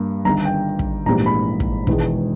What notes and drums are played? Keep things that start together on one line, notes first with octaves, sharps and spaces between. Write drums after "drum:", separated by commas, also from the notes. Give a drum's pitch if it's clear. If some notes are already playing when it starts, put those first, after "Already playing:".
Already playing: G2 A#3
G1 G2 D#3 A#5
G5
drum: kick
A#1 G#2 E3 G3 A#3 A#5
B5
drum: kick
E1 E2 D#3 G#3, drum: kick